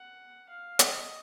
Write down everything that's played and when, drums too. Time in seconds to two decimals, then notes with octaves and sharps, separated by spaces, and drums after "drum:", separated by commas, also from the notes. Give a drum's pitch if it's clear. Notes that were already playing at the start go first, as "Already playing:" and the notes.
Already playing: F#5
0.49 F5
0.79 D#5, drum: hi-hat